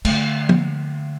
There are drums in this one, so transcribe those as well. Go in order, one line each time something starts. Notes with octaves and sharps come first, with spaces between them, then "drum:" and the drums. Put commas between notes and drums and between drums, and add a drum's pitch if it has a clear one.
D3 A3, drum: cymbal
drum: tom